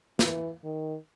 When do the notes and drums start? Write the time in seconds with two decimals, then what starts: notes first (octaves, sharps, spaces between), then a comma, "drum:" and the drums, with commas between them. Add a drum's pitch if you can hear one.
0.19 E3, drum: snare
0.64 D#3